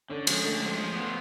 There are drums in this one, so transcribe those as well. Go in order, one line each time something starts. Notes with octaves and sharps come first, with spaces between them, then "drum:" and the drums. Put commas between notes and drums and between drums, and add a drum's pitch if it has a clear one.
D3 C#4
F3 G#3, drum: cymbal
D3 A3
F3 G#3
F3
B3 F4